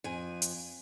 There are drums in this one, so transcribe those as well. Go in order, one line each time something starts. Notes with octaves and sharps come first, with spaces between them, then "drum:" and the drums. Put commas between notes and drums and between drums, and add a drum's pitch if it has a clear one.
F2 G#5
drum: hi-hat